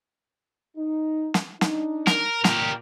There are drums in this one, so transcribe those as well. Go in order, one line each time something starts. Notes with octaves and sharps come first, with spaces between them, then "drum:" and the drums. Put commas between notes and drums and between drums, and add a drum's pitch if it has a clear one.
D#4
drum: snare
D4 D#4, drum: snare
A#4, drum: snare
A#2 G4 A#4, drum: snare